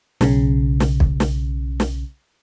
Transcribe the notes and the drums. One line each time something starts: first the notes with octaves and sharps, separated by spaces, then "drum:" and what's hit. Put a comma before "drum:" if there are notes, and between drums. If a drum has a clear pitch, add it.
B1 C#3, drum: snare
drum: snare
drum: kick B1
drum: snare
drum: snare